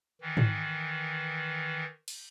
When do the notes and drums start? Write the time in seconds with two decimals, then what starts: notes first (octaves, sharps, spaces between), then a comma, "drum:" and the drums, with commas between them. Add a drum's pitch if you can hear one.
0.21 D#3 E3
0.37 drum: tom G#2
2.08 drum: cymbal